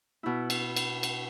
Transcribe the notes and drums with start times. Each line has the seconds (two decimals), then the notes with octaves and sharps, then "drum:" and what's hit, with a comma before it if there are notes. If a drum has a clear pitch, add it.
0.23 B2 E4
0.50 drum: cymbal
0.76 drum: cymbal
1.03 drum: cymbal